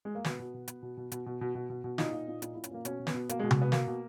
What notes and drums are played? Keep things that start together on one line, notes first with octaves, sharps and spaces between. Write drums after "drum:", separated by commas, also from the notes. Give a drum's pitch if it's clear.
G#3
A#3
B2 B3, drum: snare
B2
B2
B2, drum: hi-hat
B2
B2
B2, drum: hi-hat
B2
B2
B2
B2
B2
A#2 D#4, drum: snare
A#2
A#2
A#2 D#4, drum: hi-hat
A#2 E4
C#4, drum: hi-hat
A#2 A#3
B2 C#4, drum: hi-hat
B2
B3, drum: snare
B2
B2 A#3, drum: hi-hat
G#3
B2
G#3, drum: tom C3
B2 B3
B2 A#3, drum: snare
B2